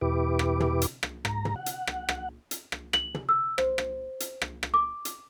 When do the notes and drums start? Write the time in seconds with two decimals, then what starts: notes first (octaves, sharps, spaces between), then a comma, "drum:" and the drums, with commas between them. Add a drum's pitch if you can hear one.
0.01 E2 B2 E4 G4 B4 D6
0.39 drum: rim click
0.60 drum: tom
0.82 drum: hi-hat
1.03 drum: rim click
1.25 G#2 A#5, drum: rim click
1.45 drum: tom
1.56 F#5
1.66 drum: hi-hat
1.87 drum: rim click
2.09 drum: rim click
2.51 drum: hi-hat
2.72 drum: rim click
2.93 F#7, drum: rim click
3.14 drum: tom
3.29 E6
3.58 C5, drum: rim click
3.78 drum: rim click
4.20 drum: hi-hat
4.42 drum: rim click
4.63 drum: rim click
4.74 D6
5.05 drum: hi-hat